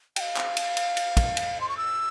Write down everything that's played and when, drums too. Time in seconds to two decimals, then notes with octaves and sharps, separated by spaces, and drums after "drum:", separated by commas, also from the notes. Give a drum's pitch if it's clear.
0.16 G5, drum: cymbal
0.20 F5
0.37 drum: clap
0.57 drum: cymbal
0.77 drum: cymbal
0.97 drum: cymbal
1.17 drum: kick, cymbal
1.37 drum: cymbal
1.61 C6
1.69 C#6
1.77 E6